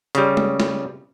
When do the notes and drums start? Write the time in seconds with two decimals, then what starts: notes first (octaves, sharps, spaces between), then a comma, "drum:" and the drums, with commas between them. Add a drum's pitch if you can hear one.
0.15 C#3 G3, drum: hi-hat
0.37 drum: tom G#3
0.60 drum: snare